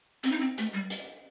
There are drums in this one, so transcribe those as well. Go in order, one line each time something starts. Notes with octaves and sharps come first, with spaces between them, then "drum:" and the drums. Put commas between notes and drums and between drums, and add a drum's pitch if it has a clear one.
C4, drum: hi-hat
D#4
C4
A3, drum: hi-hat
G3
drum: hi-hat